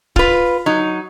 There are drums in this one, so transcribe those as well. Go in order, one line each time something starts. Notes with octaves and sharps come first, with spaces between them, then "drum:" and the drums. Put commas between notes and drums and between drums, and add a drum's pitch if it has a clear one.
F4 B4, drum: kick
F#3 D#4